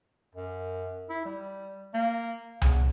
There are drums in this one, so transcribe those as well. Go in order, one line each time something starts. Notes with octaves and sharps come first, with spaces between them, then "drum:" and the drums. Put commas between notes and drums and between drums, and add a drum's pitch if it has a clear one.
F#2
E4
G3
A#3
E2, drum: tom C2